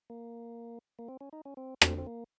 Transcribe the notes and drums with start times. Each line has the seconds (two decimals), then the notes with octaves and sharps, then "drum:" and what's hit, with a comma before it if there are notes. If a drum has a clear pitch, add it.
0.10 A#3
0.99 A#3
1.08 C4
1.21 C#4
1.33 D#4
1.45 C#4
1.57 C4
1.82 C4, drum: rim click
1.98 C4
2.07 A#3